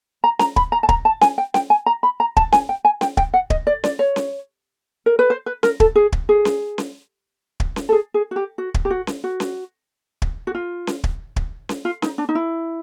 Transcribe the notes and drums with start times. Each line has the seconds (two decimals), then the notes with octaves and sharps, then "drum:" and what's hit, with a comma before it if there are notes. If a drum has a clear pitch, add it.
0.24 A#5
0.39 A#5, drum: snare C#4
0.56 B5, drum: kick
0.72 A#5
0.83 A5
0.89 A#5, drum: kick
1.05 A5
1.21 G#5, drum: snare C#4
1.38 G5
1.54 G5, drum: snare C#4
1.70 G#5
1.86 A#5
2.03 B5
2.20 A#5
2.37 A5, drum: kick
2.52 G#5, drum: snare C#4
2.69 G5
2.85 G#5
3.01 G5, drum: snare C#4
3.17 G5, drum: kick
3.34 F#5
3.50 D#5, drum: kick
3.67 D5
3.84 D5, drum: snare C#4
3.99 C#5
4.16 drum: snare C#4
5.06 A#4
5.19 B4
5.30 C5
5.46 B4
5.63 A#4, drum: snare C#4
5.80 A4, drum: kick
5.95 G#4
6.12 drum: kick
6.29 G#4
6.45 drum: snare C#4
6.78 drum: snare C#4
7.60 drum: kick
7.76 drum: snare C#4
7.89 A4
7.92 G#4
8.14 G#4
8.31 F#4
8.36 G4
8.58 F#4
8.74 drum: kick
8.85 G4
8.90 F#4
9.07 drum: snare C#4
9.24 F#4
9.40 drum: snare C#4
10.22 drum: kick
10.47 F#4
10.55 F4
10.87 drum: snare C#4
11.04 drum: kick
11.36 drum: kick
11.69 drum: snare C#4
11.85 F4
12.02 D#4, drum: snare C#4
12.18 D4
12.29 D#4
12.35 E4